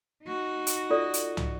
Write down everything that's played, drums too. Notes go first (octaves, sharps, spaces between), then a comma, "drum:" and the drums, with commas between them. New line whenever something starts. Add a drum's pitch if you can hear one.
D#4 F#4
drum: hi-hat
F4 A4 D5
drum: hi-hat
drum: tom